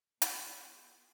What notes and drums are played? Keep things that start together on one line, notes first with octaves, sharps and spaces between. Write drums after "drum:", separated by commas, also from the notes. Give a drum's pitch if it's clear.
B3 F4 G#4, drum: hi-hat